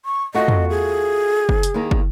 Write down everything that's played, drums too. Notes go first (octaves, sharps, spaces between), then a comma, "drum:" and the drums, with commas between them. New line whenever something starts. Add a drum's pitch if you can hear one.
C#6
A3 F4 F#4 D#5
drum: tom
G#4
drum: kick
drum: hi-hat
D#2 D#3 A#3
drum: kick